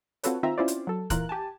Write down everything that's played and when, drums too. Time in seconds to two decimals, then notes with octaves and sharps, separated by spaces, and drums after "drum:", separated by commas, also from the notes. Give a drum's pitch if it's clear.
0.23 C4 F4 F#4 A4 B4 C#5, drum: hi-hat
0.43 D#3 C4 F4 E5 A#5
0.58 C4 C#4 E4 F4 C5 D5
0.68 drum: hi-hat
0.87 F#3 A4
1.10 A#2 E3 F4 A#4 F#6, drum: kick, hi-hat
1.29 G4 G#5 A5